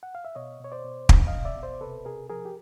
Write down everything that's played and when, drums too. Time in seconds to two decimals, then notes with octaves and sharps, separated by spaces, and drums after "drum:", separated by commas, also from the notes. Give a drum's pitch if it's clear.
0.03 F#5
0.15 F5
0.25 E5
0.35 B2 C#5 D#5
0.60 B2 C#5
0.72 C5 D5
0.84 B2
1.09 B2, drum: kick
1.27 D#5 F5
1.33 B2
1.45 D5 E5
1.57 B2
1.63 C5 D5
1.81 C3 A4 B4
2.05 C3 G#4 A#4
2.30 F3 G#4 A#4
2.45 G4